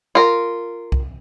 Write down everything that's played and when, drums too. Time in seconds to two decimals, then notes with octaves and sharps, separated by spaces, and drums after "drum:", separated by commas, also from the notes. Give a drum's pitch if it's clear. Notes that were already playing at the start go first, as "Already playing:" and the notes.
0.15 F4 A#4
0.92 drum: kick C2